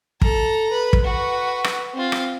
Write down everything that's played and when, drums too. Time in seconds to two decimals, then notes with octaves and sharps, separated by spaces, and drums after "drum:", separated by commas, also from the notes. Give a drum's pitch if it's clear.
0.22 A4 A#5, drum: kick
0.71 B4
0.93 drum: kick
1.05 F#4 B4
1.64 drum: rim click
1.94 C4 F4
2.12 drum: rim click